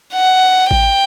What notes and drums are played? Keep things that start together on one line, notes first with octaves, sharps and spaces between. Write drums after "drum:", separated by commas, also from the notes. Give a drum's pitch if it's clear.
F#5
G5, drum: kick A1